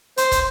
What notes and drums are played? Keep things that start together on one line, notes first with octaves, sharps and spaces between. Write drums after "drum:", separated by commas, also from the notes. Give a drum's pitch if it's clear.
C5, drum: hi-hat
drum: kick, hi-hat